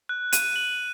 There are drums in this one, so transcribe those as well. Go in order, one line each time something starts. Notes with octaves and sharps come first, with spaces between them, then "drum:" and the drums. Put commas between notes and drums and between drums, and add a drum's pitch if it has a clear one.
F#6
D#7, drum: hi-hat
F#7